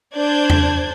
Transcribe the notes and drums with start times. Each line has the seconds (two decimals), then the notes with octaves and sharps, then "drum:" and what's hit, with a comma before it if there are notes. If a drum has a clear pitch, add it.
0.16 D4 C5 D5 G6 G#6
0.50 drum: tom E2